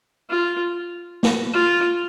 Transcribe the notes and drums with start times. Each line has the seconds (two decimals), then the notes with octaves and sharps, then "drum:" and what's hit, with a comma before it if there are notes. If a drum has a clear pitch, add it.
0.30 F4
1.23 drum: snare
1.54 F4